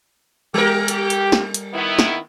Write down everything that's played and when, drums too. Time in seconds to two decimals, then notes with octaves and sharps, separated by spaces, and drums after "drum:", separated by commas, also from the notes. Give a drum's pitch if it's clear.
0.54 G3 G4 A#4
0.88 G4, drum: hi-hat
1.10 drum: hi-hat
1.32 drum: snare
1.54 drum: hi-hat
1.73 D#3 B3 E4
1.99 drum: snare